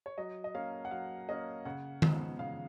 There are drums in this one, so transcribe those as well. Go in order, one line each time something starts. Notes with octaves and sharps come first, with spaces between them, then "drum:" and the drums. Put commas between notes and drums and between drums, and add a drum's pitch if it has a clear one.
C#5
F#3 D#5
D#5
A#3 C#4 F5
F#5
F#3 F5
A#3 C#4 D#5
C#3 F#5
F3 G#3 B3 D#4, drum: tom D#3
C#3 F5